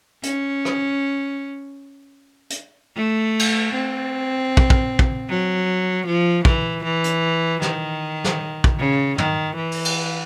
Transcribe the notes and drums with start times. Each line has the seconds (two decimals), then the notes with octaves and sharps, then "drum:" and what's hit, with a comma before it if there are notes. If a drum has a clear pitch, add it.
0.23 C#4, drum: hi-hat
0.65 drum: rim click
2.50 drum: hi-hat
2.96 A3
3.39 drum: cymbal
3.73 C4
4.57 drum: kick
4.70 drum: kick
4.99 drum: kick
5.29 F#3
6.06 F3
6.45 E3, drum: kick
6.84 E3
7.04 drum: hi-hat
7.62 D#3, drum: snare
8.24 drum: snare
8.64 drum: kick
8.78 C#3
9.18 D#3, drum: tom
9.56 E3
9.72 drum: open hi-hat
9.85 drum: cymbal